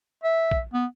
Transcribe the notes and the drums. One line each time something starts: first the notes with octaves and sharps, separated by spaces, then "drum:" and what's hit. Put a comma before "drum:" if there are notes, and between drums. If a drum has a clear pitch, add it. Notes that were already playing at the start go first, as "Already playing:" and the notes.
E5
drum: kick
B3